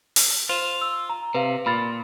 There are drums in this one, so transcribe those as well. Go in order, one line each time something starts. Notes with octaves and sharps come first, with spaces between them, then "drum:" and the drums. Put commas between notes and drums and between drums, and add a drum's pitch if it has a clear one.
drum: open hi-hat
F4 C5 E7
E6
A#5
C3 B4 F5
A#2 B5 F6 A6